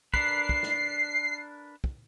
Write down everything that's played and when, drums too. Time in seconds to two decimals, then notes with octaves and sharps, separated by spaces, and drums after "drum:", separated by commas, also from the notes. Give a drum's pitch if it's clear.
0.14 D4 A#4 B4 C7, drum: kick
0.49 drum: kick
0.63 drum: snare
1.84 drum: kick